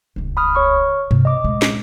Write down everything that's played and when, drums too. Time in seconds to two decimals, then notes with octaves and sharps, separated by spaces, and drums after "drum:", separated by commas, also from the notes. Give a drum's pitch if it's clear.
0.16 D#1 C#2
0.37 B5 D#6 F6
0.55 C#5 C#6 F6
1.11 C3, drum: tom G2
1.25 D#5 D6
1.44 A#2 G#3
1.62 drum: snare